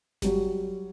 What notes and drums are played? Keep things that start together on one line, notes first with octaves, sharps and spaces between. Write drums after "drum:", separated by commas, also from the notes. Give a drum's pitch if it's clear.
F#3 G3, drum: snare G1